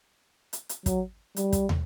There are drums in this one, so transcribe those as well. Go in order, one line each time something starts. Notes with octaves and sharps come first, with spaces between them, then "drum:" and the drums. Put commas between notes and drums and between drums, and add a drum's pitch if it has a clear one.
drum: hi-hat
drum: hi-hat
F#3, drum: kick, hi-hat
G3, drum: hi-hat
drum: kick, hi-hat
drum: tom